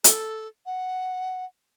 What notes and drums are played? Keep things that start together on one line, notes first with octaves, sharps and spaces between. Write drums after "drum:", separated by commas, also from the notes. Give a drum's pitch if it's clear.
A4, drum: hi-hat
F#5